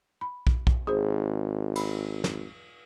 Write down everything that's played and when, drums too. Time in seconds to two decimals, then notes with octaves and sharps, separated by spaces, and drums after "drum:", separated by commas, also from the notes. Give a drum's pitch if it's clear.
0.21 B5
0.47 drum: kick
0.67 drum: kick
0.87 G#1 G#4 C5
1.76 B5, drum: cymbal
2.24 drum: snare